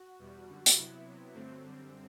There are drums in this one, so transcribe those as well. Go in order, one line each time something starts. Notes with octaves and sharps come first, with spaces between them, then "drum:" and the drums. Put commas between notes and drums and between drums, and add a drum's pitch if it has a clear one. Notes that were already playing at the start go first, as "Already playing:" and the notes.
Already playing: F#4
E2 B2 G3
F#2 D3 G3
drum: hi-hat
C3 F#3 B3 E4
C3 F#3 B3
G2 D3 F#3 A3 C4
F#2 D3 G3